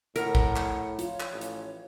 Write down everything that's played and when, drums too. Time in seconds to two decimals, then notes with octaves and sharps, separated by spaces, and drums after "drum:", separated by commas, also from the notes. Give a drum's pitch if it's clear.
0.16 A2 A#4 F#5, drum: hi-hat
0.35 drum: kick
0.56 drum: clap
0.99 F4 C#5, drum: hi-hat
1.20 drum: clap
1.31 A1
1.41 drum: hi-hat